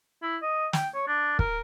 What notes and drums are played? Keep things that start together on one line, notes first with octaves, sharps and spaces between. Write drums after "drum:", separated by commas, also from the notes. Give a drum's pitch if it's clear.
E4
D#5
G5, drum: snare
C#5
D4
A#4, drum: kick